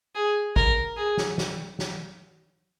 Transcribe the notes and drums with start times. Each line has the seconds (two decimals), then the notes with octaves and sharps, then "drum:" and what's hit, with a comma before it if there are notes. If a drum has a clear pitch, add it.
0.15 G#4
0.56 A#4, drum: kick
0.97 G#4
1.17 drum: snare
1.38 drum: snare
1.79 drum: snare